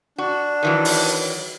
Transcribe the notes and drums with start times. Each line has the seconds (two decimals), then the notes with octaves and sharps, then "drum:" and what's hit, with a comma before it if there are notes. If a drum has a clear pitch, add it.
0.18 D4 F#4
0.63 D#3 E3 F#3
0.85 drum: open hi-hat